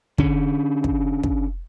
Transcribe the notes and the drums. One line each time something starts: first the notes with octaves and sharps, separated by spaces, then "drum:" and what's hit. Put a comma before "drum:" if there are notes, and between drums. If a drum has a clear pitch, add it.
D3 C#4, drum: kick
drum: kick
drum: kick